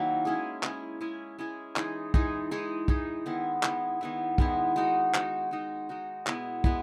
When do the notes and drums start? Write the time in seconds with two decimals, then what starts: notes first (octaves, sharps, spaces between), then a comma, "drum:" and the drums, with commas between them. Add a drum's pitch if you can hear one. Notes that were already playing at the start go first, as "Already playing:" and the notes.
Already playing: D#3 F#3 A#3 E4
0.25 G#3 C#4 E4 G#4
0.63 G#3 C#4 E4 G#4, drum: clap
1.01 G#3 C#4 E4 G#4
1.39 G#3 C#4 E4 G#4
1.76 E3 G#3 D#4 G#4, drum: clap
2.14 E3 G#3 D#4 G#4, drum: kick
2.51 E3 G#3 D#4 G#4
2.88 E3 G#3 D#4 G#4, drum: kick
3.26 D#3 G#3 B3 E4
3.63 D#3 G#3 B3 E4, drum: clap
4.01 D#3 G#3 B3 E4
4.38 D#3 G#3 B3 E4, drum: kick
4.76 G#3 D#4 F#4
5.14 G#3 D#4 F#4, drum: clap
5.51 G#3 D#4 F#4
5.89 G#3 D#4 F#4
6.27 B2 G#3 B3 E4, drum: clap
6.64 G#3 B3 E4, drum: kick